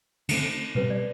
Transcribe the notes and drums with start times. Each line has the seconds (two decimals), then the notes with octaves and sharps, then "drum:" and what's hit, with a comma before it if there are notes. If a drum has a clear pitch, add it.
0.29 D3 A3 C4, drum: cymbal
0.75 B2 G3 C4 B4
0.90 D5